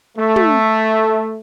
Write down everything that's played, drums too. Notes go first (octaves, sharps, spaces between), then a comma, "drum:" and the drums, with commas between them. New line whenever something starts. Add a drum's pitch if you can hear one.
A3
drum: tom